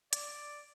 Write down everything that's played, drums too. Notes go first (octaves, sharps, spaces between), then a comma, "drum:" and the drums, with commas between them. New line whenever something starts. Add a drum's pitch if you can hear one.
D5, drum: hi-hat